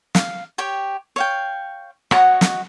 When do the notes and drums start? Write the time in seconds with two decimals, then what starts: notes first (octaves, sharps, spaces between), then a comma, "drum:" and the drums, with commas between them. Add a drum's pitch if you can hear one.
0.15 F5, drum: snare
0.58 G4 C#5 G5
1.16 C#5 F5 G5
2.11 F#4 C#5 D#5 F#5, drum: rim click
2.41 drum: snare